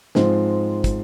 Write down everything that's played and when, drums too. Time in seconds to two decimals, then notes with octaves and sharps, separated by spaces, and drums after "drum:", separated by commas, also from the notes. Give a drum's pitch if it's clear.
0.15 G#2 F3 G#3 C4, drum: snare
0.84 drum: kick, hi-hat